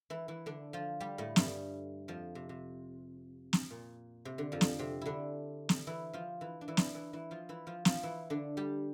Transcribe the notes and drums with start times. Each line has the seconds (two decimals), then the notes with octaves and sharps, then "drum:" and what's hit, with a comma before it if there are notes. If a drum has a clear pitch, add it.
0.10 E3 E4
0.28 E3 E4
0.46 D3 D4
0.73 F3 F4
1.00 G3 G4
1.18 A2 A3
1.36 G2 G3, drum: snare
2.08 F2 F3
2.35 C3
2.49 C3
3.53 drum: snare
3.70 A#2
4.25 C3
4.38 D3
4.52 F2 F3
4.61 drum: snare
4.79 C3 C4
5.02 D3 D4 E4
5.69 drum: snare
5.87 E3 E4
6.13 F3 F4
6.41 E3 E4
6.61 D4
6.68 E3 E4
6.77 drum: snare
6.95 E3 E4
7.13 E3 E4
7.31 F3 F4
7.49 E3 E4
7.67 F3 F4
7.85 F3 F4, drum: snare
8.03 E3 E4
8.30 D3 D4
8.57 G3 G4